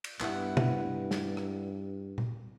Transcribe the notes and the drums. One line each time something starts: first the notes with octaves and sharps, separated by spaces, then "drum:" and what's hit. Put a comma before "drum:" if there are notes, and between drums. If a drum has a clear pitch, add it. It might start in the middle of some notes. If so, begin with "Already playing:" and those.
drum: cymbal
G2 B3 E4 F#5, drum: clap
drum: tom
drum: snare
drum: rim click
drum: tom A#2